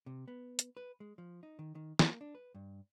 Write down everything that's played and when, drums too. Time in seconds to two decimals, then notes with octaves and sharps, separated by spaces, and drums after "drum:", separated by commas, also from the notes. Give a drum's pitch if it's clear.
0.06 C3
0.28 B3
0.59 drum: hi-hat
0.77 B4
1.00 G#3
1.18 F3
1.43 D#4
1.59 D#3
1.75 D#3
1.99 A#3, drum: snare
2.21 D4
2.35 B4
2.55 G2